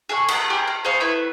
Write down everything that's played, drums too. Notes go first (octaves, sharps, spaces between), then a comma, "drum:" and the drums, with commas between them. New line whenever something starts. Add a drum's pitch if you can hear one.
G#4 A4 F#5 C#6
A3 A#3 F#5, drum: cymbal
G4 G#4
F6
G#4 C5 F5 C#6
A3 E4 B4